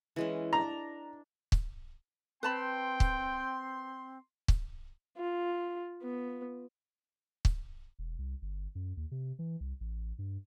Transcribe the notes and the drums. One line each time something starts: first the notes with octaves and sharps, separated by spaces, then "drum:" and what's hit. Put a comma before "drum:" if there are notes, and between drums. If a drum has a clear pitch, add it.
E3 G#3 C#4
D4 A#5
drum: kick
C4 B4 G5 A5 B5 C6
drum: kick
drum: kick
F4
B3
drum: kick
E1
C2
G1
F#2
D#2
C3
E3
C2
A1
G2